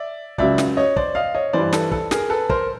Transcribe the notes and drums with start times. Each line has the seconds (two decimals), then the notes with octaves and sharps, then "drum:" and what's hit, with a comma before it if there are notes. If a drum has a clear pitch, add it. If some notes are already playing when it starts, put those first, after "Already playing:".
Already playing: D5 E5
0.38 C#2 C#3 F#3 D5 E5, drum: kick
0.58 drum: snare
0.77 C#5 D#5
0.96 C5 D5, drum: kick
1.15 D#5 F5
1.35 C#5 D#5
1.53 G2 E3 C5 D5
1.73 A4 B4, drum: snare
1.92 A4, drum: kick
2.11 G#4 A#4, drum: snare
2.30 A4 B4
2.49 A#4 C5, drum: kick